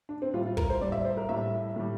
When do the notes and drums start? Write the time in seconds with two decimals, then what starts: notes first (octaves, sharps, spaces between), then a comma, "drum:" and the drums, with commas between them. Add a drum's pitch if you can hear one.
0.09 D4
0.22 C4
0.34 A2 G3 F4
0.46 F4
0.57 A#4, drum: kick
0.70 C5
0.81 A2 G3 D5
0.92 E5
1.05 C5
1.17 A#4
1.29 A2 G3 E5
1.76 A2 G3